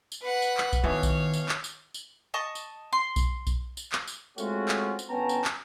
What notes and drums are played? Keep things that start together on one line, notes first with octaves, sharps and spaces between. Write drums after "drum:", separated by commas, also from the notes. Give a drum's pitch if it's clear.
drum: tambourine
B4 F#5
drum: tambourine
drum: clap
drum: kick B1, tambourine
B2 D#3 E3 B3 C#5 F5
drum: kick B1, tambourine
drum: tambourine
drum: clap
drum: tambourine
drum: tambourine
D#5 A5 C#6
drum: tambourine
C6
drum: kick B1, tambourine
drum: kick B1, tambourine
drum: tambourine
drum: clap
drum: tambourine
G#3 A3 C4 C#4 F4 F#4, drum: tambourine
drum: clap
drum: tambourine
G1 B3 C#4 G5 A5 A#5
drum: tambourine
drum: clap